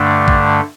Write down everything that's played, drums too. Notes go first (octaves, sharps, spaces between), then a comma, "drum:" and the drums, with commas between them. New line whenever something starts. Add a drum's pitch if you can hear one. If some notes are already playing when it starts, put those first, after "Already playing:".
Already playing: G2 D3 A3 D4
drum: kick A#1